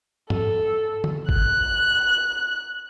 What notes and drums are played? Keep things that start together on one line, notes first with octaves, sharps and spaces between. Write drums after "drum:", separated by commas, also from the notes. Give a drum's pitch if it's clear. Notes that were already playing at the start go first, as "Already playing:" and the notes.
A4, drum: tom
drum: tom
F#6, drum: kick G1